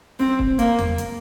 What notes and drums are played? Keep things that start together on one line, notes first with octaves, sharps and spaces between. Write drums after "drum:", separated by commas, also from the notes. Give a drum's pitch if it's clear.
C4, drum: snare
drum: kick
A#3, drum: hi-hat
drum: tom E2
drum: hi-hat